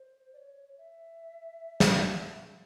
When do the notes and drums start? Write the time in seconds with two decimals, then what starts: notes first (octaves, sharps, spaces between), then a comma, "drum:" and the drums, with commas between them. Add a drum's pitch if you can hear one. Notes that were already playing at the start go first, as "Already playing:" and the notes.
Already playing: C5
0.33 D5
0.38 C#5
0.78 E5
1.80 drum: snare